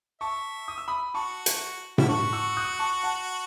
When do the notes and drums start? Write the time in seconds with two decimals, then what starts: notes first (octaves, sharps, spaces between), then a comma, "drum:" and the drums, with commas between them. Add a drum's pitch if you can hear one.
0.20 E5 A5 C#6
0.68 D#6
0.78 E6
0.88 B5 D#6
1.14 F#4 A5 C#6
1.46 drum: hi-hat
1.98 E4, drum: tom A2
2.09 F#4 A5 C#6
2.33 C#6 E6
2.57 D#6 F#6
2.79 A5 C#6
3.03 F#5 A5